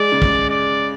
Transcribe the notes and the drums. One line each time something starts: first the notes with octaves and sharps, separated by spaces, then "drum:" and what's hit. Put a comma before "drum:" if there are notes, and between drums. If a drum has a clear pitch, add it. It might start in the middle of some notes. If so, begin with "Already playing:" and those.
Already playing: G#3 D5
C#3
drum: kick
D5